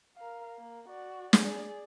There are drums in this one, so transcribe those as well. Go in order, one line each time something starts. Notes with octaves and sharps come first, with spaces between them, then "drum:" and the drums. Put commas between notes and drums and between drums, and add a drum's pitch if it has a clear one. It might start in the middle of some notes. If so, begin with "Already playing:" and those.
A#4 F5
A#3
F#4 D5
G#4 D5, drum: snare